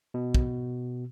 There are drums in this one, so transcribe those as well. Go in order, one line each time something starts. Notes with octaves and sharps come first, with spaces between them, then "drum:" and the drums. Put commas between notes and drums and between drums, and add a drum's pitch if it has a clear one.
B2
drum: kick